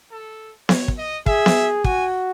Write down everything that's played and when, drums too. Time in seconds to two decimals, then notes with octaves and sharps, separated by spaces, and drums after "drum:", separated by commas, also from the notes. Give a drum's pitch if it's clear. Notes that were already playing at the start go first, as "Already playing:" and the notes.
0.11 A4
0.69 C#5, drum: snare B3
0.88 drum: kick
0.98 D#5
1.26 G#4 E5, drum: kick
1.46 drum: snare B3
1.84 F#4 G#5, drum: kick